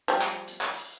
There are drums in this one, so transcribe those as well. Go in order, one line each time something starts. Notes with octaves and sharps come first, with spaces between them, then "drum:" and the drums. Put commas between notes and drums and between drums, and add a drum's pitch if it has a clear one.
F3 G3, drum: hi-hat
drum: clap
drum: hi-hat
drum: clap
drum: open hi-hat